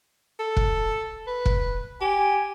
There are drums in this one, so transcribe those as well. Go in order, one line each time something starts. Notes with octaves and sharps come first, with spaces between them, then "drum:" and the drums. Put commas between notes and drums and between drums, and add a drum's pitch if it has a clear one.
A4
drum: kick
B4
drum: kick
G4 G#5